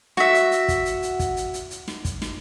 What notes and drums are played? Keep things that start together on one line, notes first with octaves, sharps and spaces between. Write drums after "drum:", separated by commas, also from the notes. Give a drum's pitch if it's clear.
F#4 E5, drum: snare
drum: hi-hat
drum: hi-hat
drum: kick, hi-hat
drum: hi-hat
drum: hi-hat
drum: kick, hi-hat
drum: hi-hat
drum: hi-hat
drum: hi-hat
drum: snare
drum: kick, hi-hat
drum: snare